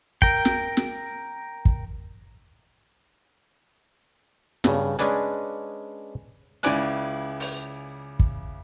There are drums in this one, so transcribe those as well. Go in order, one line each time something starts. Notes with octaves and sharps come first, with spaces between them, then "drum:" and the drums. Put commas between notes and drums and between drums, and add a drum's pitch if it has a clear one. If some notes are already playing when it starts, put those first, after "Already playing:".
A#4 G5, drum: kick
drum: snare
drum: snare
drum: kick
G2 C#3, drum: snare
G#3 C#4 D4 B4 D5 G#5, drum: hi-hat
C#2 C#3 E4 D5 G#5 F#6, drum: hi-hat
drum: open hi-hat
drum: kick